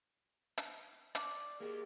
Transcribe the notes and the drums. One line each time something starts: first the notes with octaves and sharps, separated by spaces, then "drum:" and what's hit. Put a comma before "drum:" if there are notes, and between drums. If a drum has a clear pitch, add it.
drum: hi-hat
D5, drum: hi-hat
A#3 G4 G#4